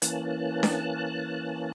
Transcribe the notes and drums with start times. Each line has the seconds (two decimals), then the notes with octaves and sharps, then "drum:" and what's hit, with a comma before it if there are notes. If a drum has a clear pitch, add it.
0.02 E3 A#3 C#4 A5 F#6, drum: hi-hat
0.63 drum: snare D4